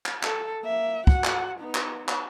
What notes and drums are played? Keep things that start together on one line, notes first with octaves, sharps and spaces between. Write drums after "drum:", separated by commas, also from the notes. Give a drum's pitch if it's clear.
drum: clap
A4, drum: clap
A#3 E5
F#4 F#5, drum: kick
drum: clap
B3 D#4
drum: clap
drum: clap